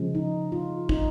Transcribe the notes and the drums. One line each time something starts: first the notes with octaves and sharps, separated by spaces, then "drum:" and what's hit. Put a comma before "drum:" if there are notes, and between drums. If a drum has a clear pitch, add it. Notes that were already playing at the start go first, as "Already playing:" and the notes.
Already playing: C#3 F3 G#3
D#4
F4
D#4, drum: kick